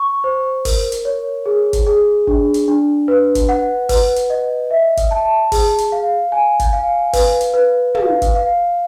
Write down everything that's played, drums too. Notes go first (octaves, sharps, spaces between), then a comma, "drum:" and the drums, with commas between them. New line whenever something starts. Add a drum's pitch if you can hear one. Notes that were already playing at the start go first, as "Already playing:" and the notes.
Already playing: C#6
C5
A#4, drum: kick G1, open hi-hat
drum: hi-hat
C#5
G#4
drum: kick G1, hi-hat
G#4
D4, drum: kick G1
drum: hi-hat
D4
B4
drum: kick G1, hi-hat
F#5
B4, drum: kick G1, open hi-hat
drum: hi-hat
D#5
E5
drum: kick G1, hi-hat
A5
G#4, drum: kick G1, open hi-hat
drum: hi-hat
F5
G#5
drum: kick G1, hi-hat
F5
B4, drum: kick G1, open hi-hat
drum: hi-hat
B4
F5, drum: tom
drum: kick G1, hi-hat
F5